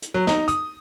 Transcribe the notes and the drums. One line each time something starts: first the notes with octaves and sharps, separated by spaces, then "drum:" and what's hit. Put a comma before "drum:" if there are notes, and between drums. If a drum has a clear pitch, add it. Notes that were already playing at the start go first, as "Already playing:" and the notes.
drum: hi-hat
F#3
D#4, drum: snare
D#6, drum: hi-hat